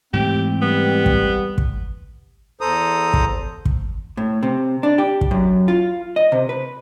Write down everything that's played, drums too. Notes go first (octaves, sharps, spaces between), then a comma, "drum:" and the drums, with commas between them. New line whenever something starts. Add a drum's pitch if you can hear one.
G#2 E3 A3 C4 G4
G3 B3
drum: kick
drum: kick
E2 A4 C5 A#5 D#6
drum: kick
drum: kick
A2
C3
D4
G4
drum: kick
F#2
F4
D#5
C3
B4